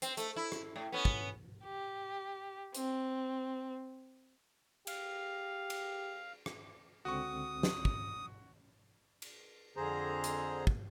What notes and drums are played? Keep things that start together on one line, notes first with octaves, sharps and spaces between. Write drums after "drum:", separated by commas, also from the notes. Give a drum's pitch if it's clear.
C4, drum: hi-hat
A3, drum: hi-hat
E4
drum: rim click
A2
B3 C#4
drum: kick
G4
C4, drum: hi-hat
G4 F5, drum: cymbal
drum: cymbal
drum: rim click
C#2 D3 C4 F#4 C#6 D#6
drum: snare
drum: kick
drum: cymbal
F2 D3 G#4 C5 A#5
drum: hi-hat
drum: kick